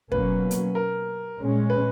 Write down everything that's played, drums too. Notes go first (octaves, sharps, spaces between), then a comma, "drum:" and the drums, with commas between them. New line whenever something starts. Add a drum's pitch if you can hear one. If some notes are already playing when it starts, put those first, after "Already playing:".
B2 F#3 A#3 C#4 B4, drum: kick
drum: hi-hat
A#4
A#2 G#3 C#4
B4